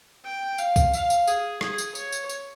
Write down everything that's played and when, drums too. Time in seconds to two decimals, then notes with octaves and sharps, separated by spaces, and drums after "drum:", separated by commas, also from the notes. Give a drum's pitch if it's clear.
0.24 G5
0.58 F5, drum: tambourine
0.76 drum: kick, tambourine
0.93 F5, drum: tambourine
1.10 drum: tambourine
1.28 G#4, drum: tambourine
1.61 G#4, drum: rim click
1.78 drum: tambourine
1.95 C#5, drum: tambourine
2.12 drum: tambourine
2.29 drum: tambourine